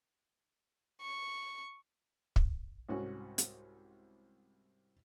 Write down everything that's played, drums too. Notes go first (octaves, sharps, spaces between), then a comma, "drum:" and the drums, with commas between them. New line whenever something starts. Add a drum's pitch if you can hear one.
C#6
drum: kick
C2 G#2 C#4 F#4
drum: hi-hat